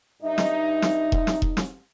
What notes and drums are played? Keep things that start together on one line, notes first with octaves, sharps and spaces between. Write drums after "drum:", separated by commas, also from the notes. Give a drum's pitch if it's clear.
G2 D#4 E5
drum: snare
drum: snare
drum: kick E1
drum: snare
drum: kick E1
drum: snare